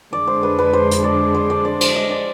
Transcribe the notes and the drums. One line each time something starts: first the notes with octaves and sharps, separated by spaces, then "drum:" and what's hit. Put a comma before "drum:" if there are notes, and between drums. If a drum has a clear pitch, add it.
F2 D3 G#3 D4 D5
C5
B4
B4
C5
drum: hi-hat
D5
C5
D5
D5
C5, drum: cymbal
D#5
D5